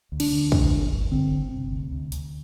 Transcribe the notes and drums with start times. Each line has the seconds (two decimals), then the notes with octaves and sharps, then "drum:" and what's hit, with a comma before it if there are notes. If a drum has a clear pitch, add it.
0.12 D2
0.20 D4, drum: cymbal
0.32 D3
0.52 D2, drum: kick
0.73 G1
0.91 G1
1.12 D3 C4
1.32 G1
1.52 C3
1.72 D2
1.92 D2
2.12 D2, drum: hi-hat